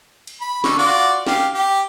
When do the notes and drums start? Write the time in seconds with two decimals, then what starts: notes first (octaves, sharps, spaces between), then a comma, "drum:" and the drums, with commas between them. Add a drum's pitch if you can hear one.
0.27 drum: cymbal
0.41 B5
0.64 D3 C#6, drum: snare
0.78 F4 F#4 D5
1.26 G4 F5, drum: snare
1.54 G4